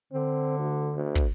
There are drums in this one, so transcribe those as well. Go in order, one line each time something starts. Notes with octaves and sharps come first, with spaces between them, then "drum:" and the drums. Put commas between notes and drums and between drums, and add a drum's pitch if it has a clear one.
D3 C4
D2
D2
drum: kick